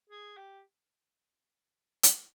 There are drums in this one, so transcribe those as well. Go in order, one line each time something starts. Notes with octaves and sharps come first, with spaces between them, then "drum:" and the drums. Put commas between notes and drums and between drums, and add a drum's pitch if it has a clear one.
G#4
G4
drum: hi-hat